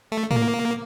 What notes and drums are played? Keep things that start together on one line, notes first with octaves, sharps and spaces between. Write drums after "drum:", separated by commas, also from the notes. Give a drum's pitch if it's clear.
A3
A#3, drum: tom A2